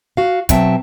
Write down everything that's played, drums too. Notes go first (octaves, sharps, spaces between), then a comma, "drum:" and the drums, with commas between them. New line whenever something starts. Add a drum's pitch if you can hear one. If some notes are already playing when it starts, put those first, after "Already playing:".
F#4 F5
B2 F#3 C4 E5 G5 A5, drum: kick, hi-hat